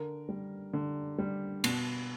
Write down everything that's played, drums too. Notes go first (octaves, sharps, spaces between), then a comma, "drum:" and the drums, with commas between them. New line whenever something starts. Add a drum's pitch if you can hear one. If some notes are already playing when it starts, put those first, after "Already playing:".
Already playing: D3 A#4
G3
D3
G3
B2, drum: cymbal